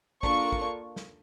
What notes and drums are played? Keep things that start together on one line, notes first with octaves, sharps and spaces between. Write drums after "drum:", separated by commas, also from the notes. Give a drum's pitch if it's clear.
A#3 D4 F4 A4 C#6, drum: kick
drum: kick
drum: snare